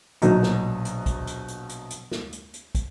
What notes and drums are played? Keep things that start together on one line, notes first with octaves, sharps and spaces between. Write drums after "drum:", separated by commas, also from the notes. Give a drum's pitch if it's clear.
A#1 B2 F#3 D#4, drum: hi-hat
drum: snare
drum: hi-hat
drum: kick, hi-hat
drum: hi-hat
drum: hi-hat
drum: hi-hat
drum: hi-hat
drum: snare
drum: hi-hat
drum: hi-hat
drum: kick, hi-hat